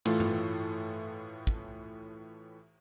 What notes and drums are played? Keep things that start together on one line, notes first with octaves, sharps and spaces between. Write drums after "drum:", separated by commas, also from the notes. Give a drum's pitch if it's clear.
A2 E3 A3 F4 A4, drum: cymbal
drum: tom G2
drum: kick